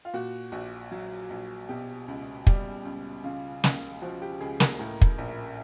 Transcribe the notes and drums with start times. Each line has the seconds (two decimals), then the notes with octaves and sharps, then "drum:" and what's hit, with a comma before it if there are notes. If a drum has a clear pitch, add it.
0.05 F4
0.14 A#2 F#4
0.52 A#1 F#4
0.91 F#3
1.30 A#1
1.69 B2 G4
2.08 C#2
2.47 G3, drum: kick
2.85 C#2
3.24 C#3 F4
3.64 C#2, drum: snare
4.02 F3 F#4
4.22 G4
4.40 C#2 G#4
4.60 A#4, drum: snare
4.79 A2
5.01 drum: kick
5.18 A#1